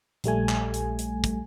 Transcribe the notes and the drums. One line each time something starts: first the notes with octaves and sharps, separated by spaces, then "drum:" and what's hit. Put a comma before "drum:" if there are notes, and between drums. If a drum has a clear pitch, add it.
A#1 G3 A3 G#5, drum: hi-hat
drum: clap
drum: hi-hat
drum: hi-hat
drum: kick, hi-hat